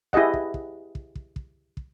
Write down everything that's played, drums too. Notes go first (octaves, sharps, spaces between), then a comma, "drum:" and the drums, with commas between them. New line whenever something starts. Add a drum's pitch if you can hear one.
E4 G4 G#4 D#5 F#5, drum: kick
drum: kick
drum: kick
drum: kick
drum: kick
drum: kick
drum: kick